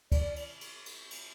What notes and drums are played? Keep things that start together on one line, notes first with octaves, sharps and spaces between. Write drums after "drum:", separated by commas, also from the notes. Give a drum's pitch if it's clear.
D5, drum: kick, cymbal
drum: cymbal
drum: cymbal
drum: cymbal
drum: cymbal